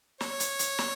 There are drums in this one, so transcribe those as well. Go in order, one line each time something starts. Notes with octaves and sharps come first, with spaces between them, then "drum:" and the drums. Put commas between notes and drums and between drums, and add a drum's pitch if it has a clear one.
C#5, drum: snare
drum: hi-hat
drum: hi-hat
drum: snare